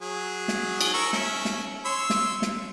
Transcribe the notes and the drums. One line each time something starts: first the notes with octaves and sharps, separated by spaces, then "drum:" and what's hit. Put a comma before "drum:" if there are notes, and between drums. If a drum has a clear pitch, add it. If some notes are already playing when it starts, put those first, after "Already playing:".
F#3 G#4
drum: snare
drum: cymbal
A#4 C#6 E6
C#4 E5, drum: snare
drum: snare
C#5 C6 E6
drum: snare
drum: snare